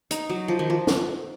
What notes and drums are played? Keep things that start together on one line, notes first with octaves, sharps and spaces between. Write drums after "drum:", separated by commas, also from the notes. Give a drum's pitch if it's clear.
D#4, drum: hi-hat
F#3
F3
D#3
F3
drum: snare